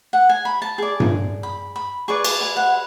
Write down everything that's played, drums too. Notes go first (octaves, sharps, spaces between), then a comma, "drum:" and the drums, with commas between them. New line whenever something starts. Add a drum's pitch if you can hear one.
F#5
G#5
B5
A5
G#4 D5
drum: tom G2
B5
B5
G#4 B4 D5 C#6
A5, drum: cymbal
G#5
F#5